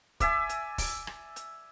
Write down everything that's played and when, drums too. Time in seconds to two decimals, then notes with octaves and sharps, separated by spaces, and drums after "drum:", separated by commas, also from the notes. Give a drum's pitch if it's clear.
0.20 D5 E5 G#5, drum: kick, hi-hat
0.49 drum: hi-hat
0.78 drum: kick, open hi-hat
1.07 drum: rim click
1.36 drum: hi-hat